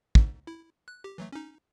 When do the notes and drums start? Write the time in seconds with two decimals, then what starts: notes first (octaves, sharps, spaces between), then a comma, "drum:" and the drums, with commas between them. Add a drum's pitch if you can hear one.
0.15 F2 G#2, drum: kick
0.47 E4
0.88 F#6
1.04 G4
1.18 E3 F#3 A3
1.32 C#4 D#4